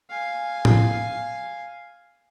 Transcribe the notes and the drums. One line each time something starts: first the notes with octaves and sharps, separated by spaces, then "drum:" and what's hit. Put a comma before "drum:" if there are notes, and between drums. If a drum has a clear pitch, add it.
F5 G#5
drum: tom A2